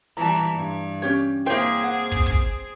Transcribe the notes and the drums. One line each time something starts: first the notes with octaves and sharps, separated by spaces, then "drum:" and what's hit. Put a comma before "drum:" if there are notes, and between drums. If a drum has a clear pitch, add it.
E3 G3 A5 A#5
G2
C#4 G4 C#5
A#3 C4 E4 G#4 C5 C#5 G5
F#5
drum: kick
drum: kick